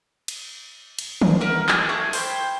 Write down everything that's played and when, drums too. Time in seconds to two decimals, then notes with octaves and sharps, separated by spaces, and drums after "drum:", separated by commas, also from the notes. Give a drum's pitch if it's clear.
0.28 drum: cymbal
0.99 drum: cymbal
1.22 drum: tom D#3
1.41 A#4 B4 E5 F#5
1.69 G#4, drum: clap
1.89 E4 G#4 A4 C#6
2.13 C5 G5 B5, drum: open hi-hat